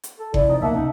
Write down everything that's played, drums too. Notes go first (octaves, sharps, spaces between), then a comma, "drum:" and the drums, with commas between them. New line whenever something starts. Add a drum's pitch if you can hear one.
drum: hi-hat
A4
C#3 E4 D5, drum: kick F#1
C3 F3 D#4
C#2 B2 A#3 E5 F#5 A5
C3 C#4 D#4